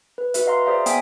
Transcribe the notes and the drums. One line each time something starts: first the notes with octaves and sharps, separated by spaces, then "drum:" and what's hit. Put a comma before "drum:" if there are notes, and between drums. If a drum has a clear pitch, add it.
B4
F#4 B4 E5, drum: hi-hat
F#4 D#5 F5 A#5 C6
G#4 C5 D5 E5 F5 A#5
B3 G5 G#5 D#6 B6, drum: hi-hat